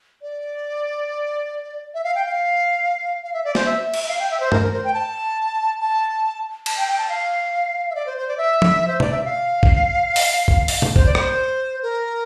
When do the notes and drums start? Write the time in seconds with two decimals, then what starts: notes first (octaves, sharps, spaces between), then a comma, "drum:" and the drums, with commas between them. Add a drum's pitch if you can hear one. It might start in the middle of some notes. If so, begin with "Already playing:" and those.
0.22 D5
1.94 E5
2.04 F5
2.15 G5
2.26 F5
3.23 F5
3.33 E5
3.44 D5
3.55 C5, drum: snare
3.66 E5
3.94 drum: cymbal
4.03 E5
4.08 F5
4.19 G5
4.30 E5
4.40 C5
4.52 A#4, drum: tom
4.62 A#4
4.73 C5
4.84 G5
4.94 A5
5.80 A5
6.66 A5, drum: cymbal
6.77 G5
6.88 G5
6.98 A5
7.09 F5
7.90 E5
7.95 D5
8.06 C5
8.17 C5
8.28 D5
8.38 E5
8.62 drum: tom
8.88 C5
9.00 D5, drum: tom
9.12 E5
9.25 F5
9.63 drum: kick
10.16 drum: open hi-hat
10.48 drum: kick
10.68 drum: open hi-hat
10.82 drum: tom
10.96 C5, drum: kick
11.06 D5
11.15 C5, drum: rim click
11.83 A#4